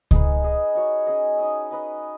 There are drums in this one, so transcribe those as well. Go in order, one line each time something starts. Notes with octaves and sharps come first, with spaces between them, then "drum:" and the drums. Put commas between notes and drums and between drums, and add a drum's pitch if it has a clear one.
D#4 G#4 B4, drum: kick C#2
D#4 G#4 D#5
D#4 F#4 C#5
C#4 G#4 D#5
D#4 B4 D#5
D#4 B4 D#5